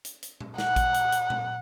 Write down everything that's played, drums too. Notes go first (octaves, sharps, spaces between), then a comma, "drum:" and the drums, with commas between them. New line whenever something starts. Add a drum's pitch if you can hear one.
drum: hi-hat
drum: hi-hat
drum: tom A#2
F#5, drum: snare
drum: kick A1, hi-hat
drum: hi-hat
drum: hi-hat
drum: tom A#2